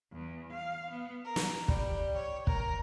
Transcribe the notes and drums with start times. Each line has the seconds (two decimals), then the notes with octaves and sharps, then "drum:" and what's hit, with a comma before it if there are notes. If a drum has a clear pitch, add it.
0.12 E2
0.52 F5
0.90 B3
1.25 A#4
1.36 drum: snare
1.68 G3, drum: kick
2.16 C#5
2.47 A#4, drum: kick